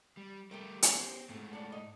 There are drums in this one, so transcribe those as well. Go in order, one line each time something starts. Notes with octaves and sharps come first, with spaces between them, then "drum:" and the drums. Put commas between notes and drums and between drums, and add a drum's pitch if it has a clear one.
G3
G3 A3 G4 A#4 G5
drum: hi-hat
B3 C5
G#2 A3 C4
D4 F#4 A4
D#4